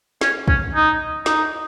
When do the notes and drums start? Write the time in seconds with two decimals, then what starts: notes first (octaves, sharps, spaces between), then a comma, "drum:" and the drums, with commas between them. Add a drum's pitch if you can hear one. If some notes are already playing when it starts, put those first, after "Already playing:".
0.21 C#4, drum: snare
0.48 C#4, drum: kick
0.75 D#4
1.26 D#4, drum: snare